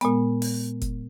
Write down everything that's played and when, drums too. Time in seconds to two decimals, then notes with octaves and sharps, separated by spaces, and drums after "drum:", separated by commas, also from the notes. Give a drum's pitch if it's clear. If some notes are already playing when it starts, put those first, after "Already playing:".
0.01 A#2 G#3 B3, drum: hi-hat
0.42 drum: open hi-hat
0.82 drum: kick F1, hi-hat